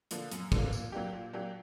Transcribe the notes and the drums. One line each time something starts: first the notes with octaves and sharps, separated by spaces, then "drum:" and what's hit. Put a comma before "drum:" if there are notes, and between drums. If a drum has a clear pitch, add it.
D3 F3 A#3, drum: hi-hat
F#2, drum: hi-hat
D3 F3 A#3, drum: kick
A#2, drum: tambourine
F#3 A#3 D4 G4
A#2
F#3 A#3 D4 G4